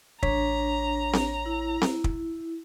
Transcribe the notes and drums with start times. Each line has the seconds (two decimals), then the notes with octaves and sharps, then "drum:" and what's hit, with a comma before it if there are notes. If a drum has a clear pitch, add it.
0.23 A1 D4 C#5 A#5 B6, drum: kick
1.13 drum: snare C4
1.46 E4
1.82 drum: snare C4
2.04 drum: kick